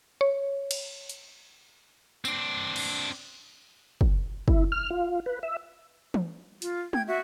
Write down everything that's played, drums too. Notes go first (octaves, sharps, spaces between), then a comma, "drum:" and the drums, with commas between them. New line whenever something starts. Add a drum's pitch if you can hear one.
C#5
drum: cymbal
drum: hi-hat
C4 D4, drum: tambourine
drum: cymbal
drum: kick
E4, drum: kick
F6
F4
B4
E5
drum: tom E3
F4, drum: hi-hat
G5 G#6, drum: tom
F#4 E5